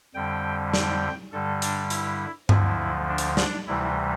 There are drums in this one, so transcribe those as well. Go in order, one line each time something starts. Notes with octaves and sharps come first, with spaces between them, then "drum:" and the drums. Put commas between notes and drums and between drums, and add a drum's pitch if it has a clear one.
F2 D3 G3 G5
G5, drum: snare
G2 D3 G3 A4
D4, drum: hi-hat
E4, drum: hi-hat
D2 D3 F3 E4, drum: tom G2
D4
drum: hi-hat
D4, drum: snare
D2 C3 E3 G3 E4